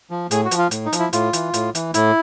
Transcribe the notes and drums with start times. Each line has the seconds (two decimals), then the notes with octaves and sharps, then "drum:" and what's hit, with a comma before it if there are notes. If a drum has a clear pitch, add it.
0.10 F3
0.31 A2 G#4, drum: hi-hat
0.45 F#4
0.51 F3, drum: hi-hat
0.58 F4
0.71 A2, drum: hi-hat
0.85 D#4
0.93 F3, drum: hi-hat
0.99 E4
1.13 A2 F4, drum: hi-hat
1.33 E3, drum: hi-hat
1.54 A2, drum: hi-hat
1.75 E3, drum: hi-hat
1.94 A2 E4, drum: hi-hat